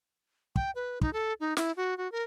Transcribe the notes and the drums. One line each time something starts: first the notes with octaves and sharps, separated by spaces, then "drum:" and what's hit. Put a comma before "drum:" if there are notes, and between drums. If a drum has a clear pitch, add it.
G5, drum: kick
B4
D#4, drum: kick
A4
D#4
E4, drum: snare
F#4
F#4
A#4